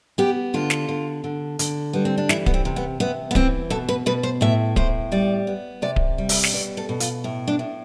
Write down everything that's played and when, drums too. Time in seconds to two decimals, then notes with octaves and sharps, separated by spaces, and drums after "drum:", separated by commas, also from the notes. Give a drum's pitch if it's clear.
0.18 B3 G4
0.54 D3 F4
0.70 drum: snare
0.89 D3
1.24 D3
1.59 D3, drum: hi-hat
1.93 G3 B3
2.05 C4
2.18 D4
2.29 E3 E4, drum: snare
2.46 B3, drum: kick D1
2.54 C4
2.65 C3
2.76 B3
3.00 C3 B3
3.31 B3
3.35 E3 C4, drum: kick D1
3.70 B2 A4
3.89 B4
4.06 B2 B4
4.23 C5
4.41 A2 E5
4.76 A2 C5, drum: kick D1
5.12 G3 D5
5.47 B3
5.82 C3 D5
5.96 drum: kick D1
6.18 G3
6.29 E5, drum: open hi-hat
6.44 drum: snare
6.53 B2 D5
6.77 A4
6.89 B2
7.00 F4, drum: hi-hat
7.24 A2
7.48 D4
7.59 A2